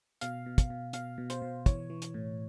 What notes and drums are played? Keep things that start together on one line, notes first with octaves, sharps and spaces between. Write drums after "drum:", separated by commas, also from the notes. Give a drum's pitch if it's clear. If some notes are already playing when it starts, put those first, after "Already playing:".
B2 F5, drum: hi-hat
B2
drum: kick, hi-hat
B2
B2 F5, drum: hi-hat
B2
C5, drum: hi-hat
B2
E3 C#5, drum: kick, hi-hat
E3
drum: hi-hat
A2